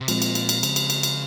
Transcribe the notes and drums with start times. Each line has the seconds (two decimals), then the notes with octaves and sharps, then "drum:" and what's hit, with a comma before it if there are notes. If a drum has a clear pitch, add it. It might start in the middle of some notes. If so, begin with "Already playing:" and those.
0.01 C3
0.08 A#2 F3 G#3 C4, drum: cymbal
0.22 drum: cymbal
0.35 drum: cymbal
0.49 drum: cymbal
0.63 C#3, drum: cymbal
0.76 drum: cymbal
0.90 drum: cymbal
1.03 drum: cymbal